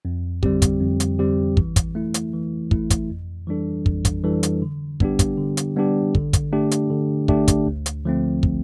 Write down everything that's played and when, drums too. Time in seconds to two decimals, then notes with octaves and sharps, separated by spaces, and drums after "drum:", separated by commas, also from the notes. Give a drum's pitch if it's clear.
0.05 F2
0.43 D3 G3 C4 G4, drum: kick
0.62 drum: kick, hi-hat
0.81 F2
1.00 drum: hi-hat
1.19 D3 G3 C4 G4
1.57 E3, drum: kick
1.76 drum: kick, hi-hat
1.95 A3 E4
2.14 drum: hi-hat
2.33 E3
2.71 A3 E4, drum: kick
2.90 drum: kick, hi-hat
3.09 F2
3.47 E3 G3 D4 A4
3.86 F2, drum: kick
4.05 drum: kick, hi-hat
4.24 E3 G3 D4 A4
4.43 drum: hi-hat
4.62 D3
5.00 G3 B3 D4 G4, drum: kick
5.19 drum: kick, hi-hat
5.38 D3
5.57 drum: hi-hat
5.76 G3 B3 D4 G4
6.15 D3, drum: kick
6.33 drum: kick, hi-hat
6.53 A3 D4 G4
6.71 drum: hi-hat
6.90 D3
7.28 A3 D4 G4, drum: kick
7.48 drum: kick, hi-hat
7.66 D2
7.86 drum: hi-hat
8.05 D3 F3 A3 C4
8.43 drum: kick